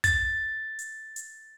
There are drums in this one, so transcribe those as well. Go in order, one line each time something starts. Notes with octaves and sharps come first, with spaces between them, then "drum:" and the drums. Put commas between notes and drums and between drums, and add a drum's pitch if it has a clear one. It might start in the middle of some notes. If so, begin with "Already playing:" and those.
A6, drum: kick, hi-hat
drum: hi-hat
drum: hi-hat